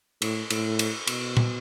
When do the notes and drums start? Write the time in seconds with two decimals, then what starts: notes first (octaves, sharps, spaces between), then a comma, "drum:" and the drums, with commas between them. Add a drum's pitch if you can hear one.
0.22 A2, drum: cymbal
0.50 A2, drum: cymbal
0.79 drum: cymbal
1.07 B2, drum: cymbal
1.37 drum: tom A#2